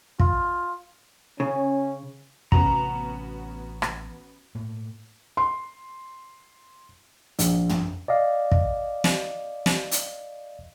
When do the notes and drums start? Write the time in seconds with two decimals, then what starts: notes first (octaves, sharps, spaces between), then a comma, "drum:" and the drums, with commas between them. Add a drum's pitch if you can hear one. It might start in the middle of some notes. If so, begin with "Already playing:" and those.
0.20 F4, drum: kick
1.40 C#3 C#4
2.52 A1 C3 E3 B3 C#4 F#4 A#5, drum: kick
3.82 drum: rim click
4.55 A2 A#3
5.37 C6
7.39 A#1, drum: hi-hat
7.69 drum: tom
8.08 D5 D#5 F5
8.52 drum: kick
9.04 drum: snare
9.66 drum: snare
9.91 drum: hi-hat